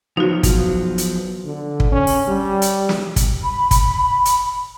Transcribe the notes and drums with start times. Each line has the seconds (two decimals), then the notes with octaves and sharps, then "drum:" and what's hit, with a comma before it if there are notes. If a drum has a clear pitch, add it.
0.17 F3 F#3 B3 D#4 F#4
0.43 drum: kick, hi-hat
0.98 drum: hi-hat
1.45 D3
1.80 drum: kick
1.92 C#4
2.07 drum: open hi-hat
2.28 G3
2.62 drum: hi-hat
2.89 drum: snare
3.16 drum: kick, hi-hat
3.44 B5
3.71 drum: kick, hi-hat
4.25 drum: hi-hat